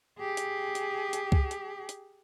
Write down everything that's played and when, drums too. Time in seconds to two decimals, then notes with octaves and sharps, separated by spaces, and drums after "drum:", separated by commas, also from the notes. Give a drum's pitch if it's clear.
0.18 G4 G#4
0.37 drum: hi-hat
0.75 drum: hi-hat
1.13 drum: hi-hat
1.32 drum: kick C#2
1.51 drum: hi-hat
1.89 drum: hi-hat